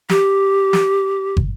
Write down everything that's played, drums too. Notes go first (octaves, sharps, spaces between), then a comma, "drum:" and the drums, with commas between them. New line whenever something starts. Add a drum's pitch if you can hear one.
G4, drum: snare
drum: snare
drum: kick